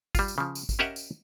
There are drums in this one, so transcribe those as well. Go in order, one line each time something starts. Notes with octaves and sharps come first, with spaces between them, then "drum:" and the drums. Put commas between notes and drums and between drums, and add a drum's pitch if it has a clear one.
G3 F4, drum: kick, tambourine
drum: tambourine
C#3 F3
drum: tambourine
drum: kick, tambourine
C#4 G4 A#4 D#5 E5 F#5
drum: tambourine